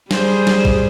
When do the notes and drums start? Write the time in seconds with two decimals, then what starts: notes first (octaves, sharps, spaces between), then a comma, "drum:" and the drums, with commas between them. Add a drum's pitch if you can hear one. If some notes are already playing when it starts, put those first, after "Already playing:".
0.11 G3 G#4 C5, drum: snare
0.47 drum: snare
0.65 drum: kick A1